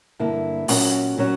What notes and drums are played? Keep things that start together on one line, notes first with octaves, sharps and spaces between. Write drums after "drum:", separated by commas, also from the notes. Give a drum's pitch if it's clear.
G2 D3 A#3 E4
A#2 F#3 C#4 F#4 A#4, drum: open hi-hat
A#2 F#3 C#4 F#4